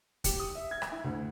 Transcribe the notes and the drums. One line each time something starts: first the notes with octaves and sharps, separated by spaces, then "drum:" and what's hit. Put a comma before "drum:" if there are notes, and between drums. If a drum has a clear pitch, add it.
G4, drum: kick, hi-hat
D#6
E5
G#6
drum: rim click
E4
D2